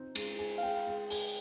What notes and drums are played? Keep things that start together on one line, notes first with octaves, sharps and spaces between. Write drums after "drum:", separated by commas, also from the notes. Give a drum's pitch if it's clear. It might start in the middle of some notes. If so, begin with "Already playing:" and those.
Already playing: C4 D#4
G#3, drum: cymbal
G#4
F5
G#3 G5
G#3
G#4, drum: open hi-hat